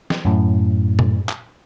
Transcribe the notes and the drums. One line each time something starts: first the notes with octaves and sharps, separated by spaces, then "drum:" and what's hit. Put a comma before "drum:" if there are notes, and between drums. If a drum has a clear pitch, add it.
drum: snare
F#2 A2
drum: tom A#2
drum: clap